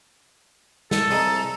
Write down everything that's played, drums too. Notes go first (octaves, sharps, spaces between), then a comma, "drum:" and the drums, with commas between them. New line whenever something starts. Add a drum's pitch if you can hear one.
A4, drum: snare
C2 G#4 D#5 A#5, drum: open hi-hat